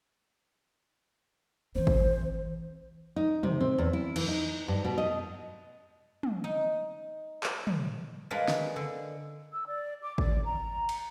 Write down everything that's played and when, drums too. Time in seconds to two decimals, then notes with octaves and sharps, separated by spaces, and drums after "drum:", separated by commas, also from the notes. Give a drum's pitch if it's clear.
1.75 E3 C4 C5
1.87 drum: kick
3.16 D#4
3.43 C3, drum: tom
3.60 C4
3.78 E2
3.93 E4
4.16 E3, drum: cymbal
4.28 D#4
4.68 G2
4.85 B2
4.98 D#5
6.23 drum: tom
6.44 D#4
7.43 drum: clap
7.67 drum: tom
8.31 G#3 D4 A#4 B4 D5 F5
8.48 drum: snare
8.76 D3
9.52 E6
9.67 D5
10.02 D6
10.18 D5, drum: kick
10.45 A#5
10.89 drum: cymbal